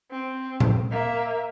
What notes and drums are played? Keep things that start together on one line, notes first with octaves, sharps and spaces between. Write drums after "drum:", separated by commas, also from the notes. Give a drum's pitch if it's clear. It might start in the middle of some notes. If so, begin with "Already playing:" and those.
C4
drum: tom A#2
A#3 E5